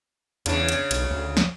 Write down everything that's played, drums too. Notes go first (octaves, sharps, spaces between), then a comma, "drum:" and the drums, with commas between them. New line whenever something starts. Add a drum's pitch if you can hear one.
E2 C#3 D4 C#5, drum: cymbal
drum: cymbal
B1, drum: cymbal
D2
drum: snare